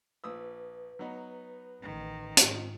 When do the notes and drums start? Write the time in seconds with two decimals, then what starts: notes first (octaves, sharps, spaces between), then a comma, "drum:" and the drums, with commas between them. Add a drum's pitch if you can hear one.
0.24 A#1 B4 D#6 E6
0.99 F#3 B3 D#4
1.82 A1 D#3
2.37 G#2 C4 F4 D#5, drum: hi-hat